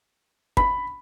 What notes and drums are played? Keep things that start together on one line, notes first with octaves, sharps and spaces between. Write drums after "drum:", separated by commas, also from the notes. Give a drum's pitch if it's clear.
B5, drum: kick